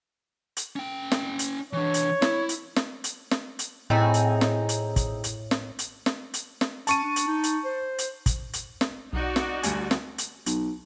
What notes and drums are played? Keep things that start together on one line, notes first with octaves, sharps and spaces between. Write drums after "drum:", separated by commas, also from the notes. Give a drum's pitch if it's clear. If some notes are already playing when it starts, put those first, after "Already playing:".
drum: hi-hat
C#4 G5
drum: snare
drum: hi-hat
E3 D4 C#5
drum: hi-hat
E4, drum: snare
drum: hi-hat
drum: snare
drum: hi-hat
drum: snare
drum: hi-hat
A2 C4 D#4 G#4
drum: hi-hat
drum: snare
drum: hi-hat
drum: kick, hi-hat
drum: hi-hat
drum: snare
drum: hi-hat
drum: snare
drum: hi-hat
drum: snare
C#4 A5 C#6 D#7, drum: hi-hat
D4
drum: hi-hat
D#4
drum: hi-hat
C5
drum: hi-hat
drum: kick, hi-hat
drum: hi-hat
drum: snare
B1 D#4 F#4 D5
drum: snare
D2 G3 G#5, drum: hi-hat
drum: snare
drum: hi-hat
B1, drum: hi-hat